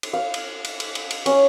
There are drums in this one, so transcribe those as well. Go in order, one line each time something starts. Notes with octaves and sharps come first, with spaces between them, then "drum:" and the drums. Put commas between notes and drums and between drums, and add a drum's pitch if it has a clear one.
drum: cymbal
F5
drum: cymbal
drum: cymbal
drum: cymbal
drum: cymbal
drum: cymbal
C#4, drum: cymbal